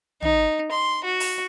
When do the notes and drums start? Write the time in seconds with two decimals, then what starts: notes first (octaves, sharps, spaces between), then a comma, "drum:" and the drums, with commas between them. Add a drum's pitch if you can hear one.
0.22 D#4, drum: tom
0.71 C6
1.04 F#4
1.20 drum: open hi-hat